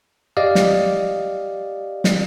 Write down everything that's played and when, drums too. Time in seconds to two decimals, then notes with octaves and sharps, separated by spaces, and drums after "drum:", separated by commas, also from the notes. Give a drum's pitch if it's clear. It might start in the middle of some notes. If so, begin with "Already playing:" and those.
0.37 G4 D5 D#5 F5
0.55 drum: snare
2.04 drum: snare